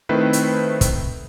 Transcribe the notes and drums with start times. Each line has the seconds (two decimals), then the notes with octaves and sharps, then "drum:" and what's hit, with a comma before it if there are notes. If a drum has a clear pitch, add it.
0.09 D#3 A3 C4 E4 B4 C5
0.33 drum: hi-hat
0.81 drum: kick, hi-hat